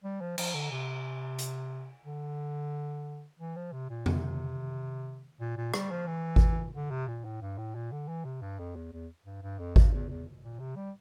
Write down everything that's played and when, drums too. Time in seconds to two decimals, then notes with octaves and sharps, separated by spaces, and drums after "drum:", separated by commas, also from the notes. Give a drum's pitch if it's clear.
0.04 G3
0.21 F3
0.38 F3, drum: cymbal
0.55 D3
0.71 C3
1.39 drum: hi-hat
2.05 D3
3.39 E3
3.56 F3
3.72 C3
3.90 A#2
4.06 C3, drum: tom F2
5.40 A#2
5.57 A#2
5.74 G3, drum: rim click
5.91 F3
6.07 E3
6.36 drum: kick G#1
6.74 D3
6.91 C3
7.08 A#2
7.25 A2
7.41 G2
7.58 A2
7.75 A#2
7.92 D3
8.08 E3
8.25 C3
8.41 G2
8.59 F2
8.76 E2
8.92 E2
9.25 G2
9.42 G2
9.59 F2
9.76 G2, drum: kick G#1
9.92 E2
10.09 E2
10.42 A#2
10.59 C3
10.76 G3